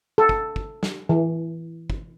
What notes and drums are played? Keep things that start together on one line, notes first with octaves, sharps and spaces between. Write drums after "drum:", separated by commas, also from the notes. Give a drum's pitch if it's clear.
A4
drum: kick
drum: kick
drum: snare
E3
drum: kick